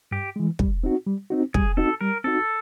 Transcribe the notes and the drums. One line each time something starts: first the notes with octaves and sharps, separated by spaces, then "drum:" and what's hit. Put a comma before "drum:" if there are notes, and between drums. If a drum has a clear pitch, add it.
G2 G4
E3 G#3
G3, drum: kick
C4 D#4 F#4
G3
C4 D#4 F#4
G3 G#4, drum: kick
C4 D#4 F#4 A4
G3 A#4
C4 D#4 F#4 A4